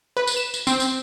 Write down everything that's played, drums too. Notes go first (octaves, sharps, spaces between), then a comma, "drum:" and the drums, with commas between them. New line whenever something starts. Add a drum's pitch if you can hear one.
B4
drum: tambourine
E7
drum: tambourine
C4, drum: tambourine
drum: tambourine